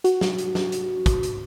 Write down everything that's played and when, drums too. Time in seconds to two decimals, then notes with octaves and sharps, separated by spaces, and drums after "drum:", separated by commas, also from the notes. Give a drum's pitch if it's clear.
0.04 F#4, drum: hi-hat
0.21 drum: snare
0.38 drum: hi-hat
0.55 drum: snare
0.72 drum: hi-hat
1.06 drum: kick, hi-hat
1.23 drum: hi-hat